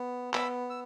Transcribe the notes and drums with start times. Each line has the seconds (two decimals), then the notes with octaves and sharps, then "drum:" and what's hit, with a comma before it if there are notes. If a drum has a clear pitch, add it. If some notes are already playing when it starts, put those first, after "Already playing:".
Already playing: B3
0.34 B3 B5 E6, drum: clap
0.70 E6